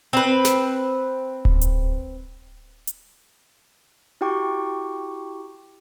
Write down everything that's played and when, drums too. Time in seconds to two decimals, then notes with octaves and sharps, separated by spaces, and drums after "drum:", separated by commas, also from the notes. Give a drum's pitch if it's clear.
0.13 C4 B4
0.45 drum: snare
1.45 drum: kick D1
1.61 drum: hi-hat
2.87 drum: hi-hat
4.21 E4 F#4 G4 G5 C#6 D6